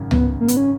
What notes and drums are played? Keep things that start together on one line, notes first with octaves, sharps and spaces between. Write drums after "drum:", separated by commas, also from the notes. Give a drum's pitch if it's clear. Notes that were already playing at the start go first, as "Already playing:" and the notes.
Already playing: G#1 F#2 C#3
B3, drum: tom C#2
A#3
B3, drum: hi-hat
C#4